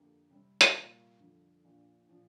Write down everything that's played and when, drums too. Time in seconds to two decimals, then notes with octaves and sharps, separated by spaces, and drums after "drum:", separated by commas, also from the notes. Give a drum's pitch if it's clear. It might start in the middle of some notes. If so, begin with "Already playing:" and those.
Already playing: F2 D3 A#3 G4
0.30 C3 G3 C4
0.61 drum: hi-hat
0.75 A#2 G3 A#3 F4 A#4
1.20 F2 D3 F3
1.64 A#1 A#2 F3 D4
2.09 A#2 F3